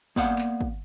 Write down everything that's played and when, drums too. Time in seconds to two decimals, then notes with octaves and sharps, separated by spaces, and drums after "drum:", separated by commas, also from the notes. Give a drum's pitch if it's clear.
0.16 A#3 B3 D5 F5 F#5, drum: kick
0.38 drum: clap
0.61 drum: kick